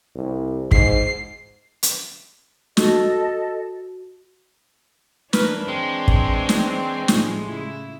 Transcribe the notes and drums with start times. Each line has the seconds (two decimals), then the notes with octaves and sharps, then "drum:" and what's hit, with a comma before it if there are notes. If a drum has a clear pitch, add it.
0.16 C2
0.71 G#2 C7, drum: kick
1.83 drum: hi-hat
2.77 F#4 A4 D#5 A5, drum: snare
5.33 E3 D4 A#4 B4 C#5, drum: snare
5.68 G#3 C4
6.08 drum: kick
6.49 drum: snare
7.08 A2 F3 G3, drum: snare
7.44 C#3 E4